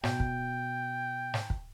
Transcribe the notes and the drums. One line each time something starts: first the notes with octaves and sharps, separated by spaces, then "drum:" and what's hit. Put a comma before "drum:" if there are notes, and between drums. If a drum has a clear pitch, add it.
B2 G5, drum: snare
drum: kick
drum: snare
drum: kick